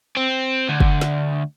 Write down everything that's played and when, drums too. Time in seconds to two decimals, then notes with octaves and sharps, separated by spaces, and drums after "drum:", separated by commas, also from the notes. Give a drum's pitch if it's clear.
0.17 C4
0.69 D2
0.80 drum: kick
1.01 drum: snare